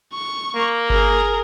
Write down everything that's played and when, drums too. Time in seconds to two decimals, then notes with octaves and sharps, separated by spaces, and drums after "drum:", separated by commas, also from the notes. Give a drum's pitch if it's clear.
0.14 C#6
0.55 A#3
0.90 G#4 A#4, drum: kick G1